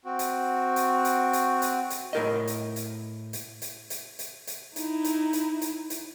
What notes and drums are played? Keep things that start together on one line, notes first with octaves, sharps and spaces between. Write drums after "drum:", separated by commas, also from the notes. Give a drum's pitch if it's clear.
C4 F#4
drum: hi-hat
drum: hi-hat
drum: hi-hat
drum: hi-hat
drum: hi-hat
drum: hi-hat
A2 A#4 D#5
drum: hi-hat
drum: hi-hat
drum: hi-hat
drum: hi-hat
drum: hi-hat
drum: hi-hat
drum: hi-hat
D#4 E4, drum: hi-hat
drum: hi-hat
drum: hi-hat
drum: hi-hat
drum: hi-hat